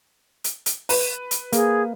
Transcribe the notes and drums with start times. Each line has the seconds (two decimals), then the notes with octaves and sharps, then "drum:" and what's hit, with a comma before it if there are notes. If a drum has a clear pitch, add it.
0.44 drum: hi-hat
0.66 drum: hi-hat
0.89 B4, drum: open hi-hat
1.31 drum: hi-hat
1.52 A#3 G#4, drum: hi-hat